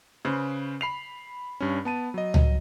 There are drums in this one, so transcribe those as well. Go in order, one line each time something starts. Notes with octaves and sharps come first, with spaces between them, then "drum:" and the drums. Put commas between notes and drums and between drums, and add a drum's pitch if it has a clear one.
C#3 B4 C5
B5 C7 F7
G2 C#4
B3 A5 D#7
F#3 D#5
drum: tom C#2